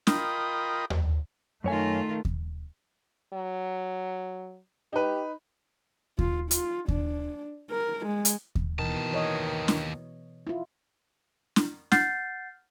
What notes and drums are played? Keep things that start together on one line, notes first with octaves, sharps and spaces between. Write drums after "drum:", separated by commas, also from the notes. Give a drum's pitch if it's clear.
F4 A#4 D#5 G5 B5 D#6, drum: snare
drum: tom D#2
F#2 D#3 A3 F4 C#5 G#5
drum: kick D#2
F#3
D#4 G4 B4
F4, drum: kick D#2
F4, drum: hi-hat
D4, drum: kick D#2
A#4
G#3
drum: hi-hat
drum: kick D#2
D#2 B2 D#3 E3 A5
E3 C#5 D#5
drum: snare
E4 F4
drum: snare
F#5 F6 G6 A6 C7, drum: snare